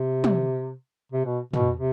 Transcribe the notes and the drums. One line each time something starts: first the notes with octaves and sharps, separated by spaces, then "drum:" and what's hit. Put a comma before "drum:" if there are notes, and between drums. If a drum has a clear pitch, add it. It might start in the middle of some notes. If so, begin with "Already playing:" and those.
Already playing: C3
drum: tom
C3
B2
B2, drum: tom
C3